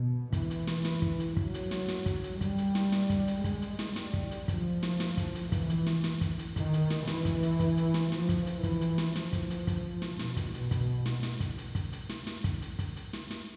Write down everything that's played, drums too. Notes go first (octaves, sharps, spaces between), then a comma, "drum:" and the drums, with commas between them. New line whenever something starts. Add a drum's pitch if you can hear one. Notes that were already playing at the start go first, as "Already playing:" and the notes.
Already playing: B2
E3, drum: kick, hi-hat
drum: hi-hat
drum: snare
drum: snare
drum: kick
drum: hi-hat
F#3, drum: kick
drum: hi-hat
drum: snare
drum: snare
drum: kick, hi-hat
drum: hi-hat
G3, drum: kick, hi-hat
drum: hi-hat
drum: snare
drum: snare
drum: kick, hi-hat
drum: hi-hat
G#3, drum: kick, hi-hat
drum: hi-hat
drum: snare
G3, drum: snare
drum: kick
drum: hi-hat
F3, drum: kick, hi-hat
drum: snare
drum: snare
drum: kick, hi-hat
drum: hi-hat
E3, drum: kick, hi-hat
drum: hi-hat
drum: snare
drum: snare
drum: kick, hi-hat
drum: hi-hat
D#3, drum: kick, hi-hat
drum: hi-hat
drum: snare
E3, drum: snare
drum: kick, hi-hat
drum: hi-hat
drum: kick, hi-hat
drum: hi-hat
drum: snare
F3, drum: snare
drum: kick, hi-hat
drum: hi-hat
E3, drum: kick, hi-hat
drum: hi-hat
drum: snare
F3, drum: snare
drum: kick, hi-hat
drum: hi-hat
drum: kick, hi-hat
drum: snare
B2, drum: snare
drum: kick, hi-hat
drum: hi-hat
drum: kick, hi-hat
drum: snare
drum: snare
drum: kick, hi-hat
drum: hi-hat
drum: kick, hi-hat
drum: hi-hat
drum: snare
drum: snare
drum: kick, hi-hat
drum: hi-hat
drum: kick, hi-hat
drum: hi-hat
drum: snare
drum: snare